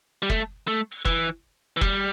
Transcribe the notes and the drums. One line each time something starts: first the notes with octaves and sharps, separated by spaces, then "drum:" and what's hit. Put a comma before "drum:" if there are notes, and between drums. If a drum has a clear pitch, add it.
G3
A3, drum: kick F#1
A3
E3, drum: kick F#1
E3
G3, drum: kick F#1